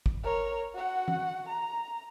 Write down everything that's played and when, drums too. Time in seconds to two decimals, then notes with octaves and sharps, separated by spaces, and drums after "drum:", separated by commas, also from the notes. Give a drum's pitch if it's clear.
0.06 drum: kick
0.24 A#4 C#5
0.74 F#4 F#5
1.08 drum: tom E3
1.48 A#5